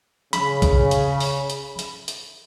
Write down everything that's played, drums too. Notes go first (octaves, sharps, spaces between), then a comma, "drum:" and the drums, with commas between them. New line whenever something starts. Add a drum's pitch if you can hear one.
C#3 B5, drum: hi-hat
drum: kick A#1, hi-hat
drum: hi-hat
drum: open hi-hat
drum: hi-hat
drum: hi-hat
drum: hi-hat